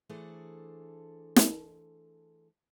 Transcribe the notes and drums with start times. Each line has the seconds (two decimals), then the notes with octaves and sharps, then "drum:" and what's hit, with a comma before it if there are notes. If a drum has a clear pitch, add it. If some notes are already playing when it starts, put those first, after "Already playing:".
0.09 E3 A3 D4 G#4 A4 C5
1.36 drum: snare